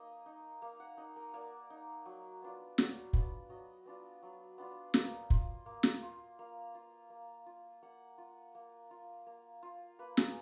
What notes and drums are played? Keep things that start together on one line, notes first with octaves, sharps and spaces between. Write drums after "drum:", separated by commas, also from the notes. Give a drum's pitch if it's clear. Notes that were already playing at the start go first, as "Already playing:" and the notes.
Already playing: A#3 D#4 D#5
D#4
A#3 F5
F#5
D#4 D#5
A#4
A#3 D5
D#4
F#3
B3 D4 F4
F#3, drum: snare
B3 D4 F4, drum: kick
F#3 D#5
B3 D4 F4
F#3
B3 D4 F4
A#3 D#5, drum: snare
F4, drum: kick
A#3
drum: snare
F4
A#3 F5
F4
A#3
F4
A#3 F#5
F4
A#3
F4
A#3
F4
A#3 B4
G#4, drum: snare